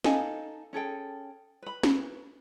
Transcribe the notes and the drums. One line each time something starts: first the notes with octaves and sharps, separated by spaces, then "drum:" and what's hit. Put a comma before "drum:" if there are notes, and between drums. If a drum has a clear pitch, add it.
D#4 A4 F5 G#5, drum: snare
C#4 G#4 A4 G5
B4 B5
drum: snare